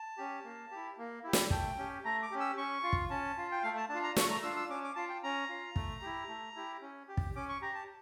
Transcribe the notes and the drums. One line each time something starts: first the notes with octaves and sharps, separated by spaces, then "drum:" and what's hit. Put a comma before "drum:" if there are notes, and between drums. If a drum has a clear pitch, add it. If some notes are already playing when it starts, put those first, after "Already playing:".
Already playing: A5
C#4 G4
A#3
E4 G4
A#3
E4 G4
drum: snare
A3 G5, drum: kick
C#4 G4
A3 A#5
D6
C#4 G4
E6
C#4 C#6
F4
drum: kick
C#4 A5
F4
G5
A3 F5
A5
D4 A5
F4
A#5
A3 C#6, drum: snare
A#5
D4 F4 E6
E6
C#4 D6
D6
F4 A5
G5
C#4 A#5
F4
A3, drum: kick
E4 G4
A3
E4 G4
C#4
G4
drum: kick
C#4 D6
C#6
G4 A#5
A5